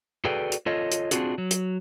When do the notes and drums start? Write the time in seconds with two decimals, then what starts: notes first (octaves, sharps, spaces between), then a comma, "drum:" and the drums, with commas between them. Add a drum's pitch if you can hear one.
0.25 F#4 G#4 A4 B4 D5 G5
0.52 drum: hi-hat
0.66 F4 A4 C#5 D#5
0.92 drum: hi-hat
1.11 C4 D4 F4 F#4 G#4, drum: hi-hat
1.38 F#3
1.51 drum: hi-hat